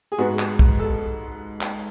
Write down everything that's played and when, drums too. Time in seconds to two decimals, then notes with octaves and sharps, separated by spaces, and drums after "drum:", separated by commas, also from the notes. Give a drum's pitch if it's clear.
0.12 G#4
0.18 G#2 G#3 B3 F#4
0.39 drum: clap
0.59 drum: kick
0.79 A4
1.61 drum: clap